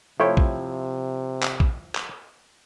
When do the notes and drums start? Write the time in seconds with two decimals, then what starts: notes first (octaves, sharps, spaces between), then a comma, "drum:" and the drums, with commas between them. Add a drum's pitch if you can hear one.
0.20 C3 F3 A3 E4 C#5 G5
0.37 drum: kick A#1
1.43 drum: clap
1.60 drum: kick A#1
1.95 drum: clap